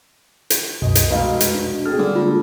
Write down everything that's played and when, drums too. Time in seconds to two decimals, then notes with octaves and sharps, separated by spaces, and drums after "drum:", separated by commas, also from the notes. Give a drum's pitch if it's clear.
0.50 drum: hi-hat
0.82 C2 F#2 B2 D#5
0.95 drum: hi-hat
1.10 F1 B2 G#3 B4 D#5 F5
1.40 drum: hi-hat
1.55 D4
1.86 C4 G#4 A4 F6
1.98 D3 G3 G#3 A#3
2.15 F4